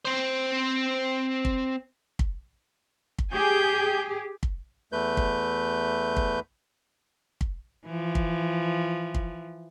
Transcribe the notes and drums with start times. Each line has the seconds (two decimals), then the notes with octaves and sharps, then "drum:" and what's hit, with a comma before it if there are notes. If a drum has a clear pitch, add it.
0.05 C4 C5
1.45 drum: kick
2.19 drum: kick
3.19 drum: kick
3.32 G4 G#4 G#5 G6
4.43 drum: kick
4.92 E2 A3 B4 G6
5.17 drum: kick
6.17 drum: kick
7.41 drum: kick
7.85 E3 F3
8.15 drum: kick
9.15 drum: kick